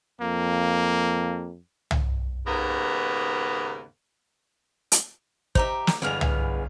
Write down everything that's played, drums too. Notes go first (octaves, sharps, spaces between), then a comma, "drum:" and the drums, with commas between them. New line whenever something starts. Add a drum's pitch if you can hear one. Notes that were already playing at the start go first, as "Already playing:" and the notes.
F2 A#3
drum: tom C2
D#2 G#2 C#3 A#3 B3
drum: hi-hat
D#4 G4 C5 E5 A#5, drum: kick
drum: snare
G1 E3 G#3 B3 F6 F7
drum: tom C2